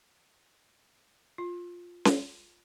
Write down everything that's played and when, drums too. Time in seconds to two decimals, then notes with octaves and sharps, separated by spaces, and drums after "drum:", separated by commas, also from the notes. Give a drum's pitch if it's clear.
1.38 F4
2.05 drum: snare C#4